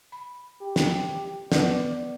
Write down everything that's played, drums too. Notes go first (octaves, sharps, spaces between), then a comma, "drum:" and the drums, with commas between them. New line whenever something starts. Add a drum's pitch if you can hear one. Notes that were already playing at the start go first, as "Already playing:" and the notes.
B5
G4
drum: snare
B3 B4 D5, drum: snare